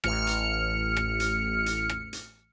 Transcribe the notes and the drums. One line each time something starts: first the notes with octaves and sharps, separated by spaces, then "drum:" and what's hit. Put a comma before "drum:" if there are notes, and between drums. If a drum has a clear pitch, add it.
A1 F6 C#7, drum: rim click
drum: hi-hat
drum: rim click
drum: hi-hat
drum: hi-hat
drum: rim click
drum: hi-hat